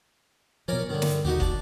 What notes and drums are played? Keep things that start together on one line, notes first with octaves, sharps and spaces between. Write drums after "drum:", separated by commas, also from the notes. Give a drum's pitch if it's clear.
B2 F3 C#4 A#4 D5
G2 D3 D#3
drum: snare
D#2 B2 D#3 D#4 F#4 G4
D4 A5, drum: kick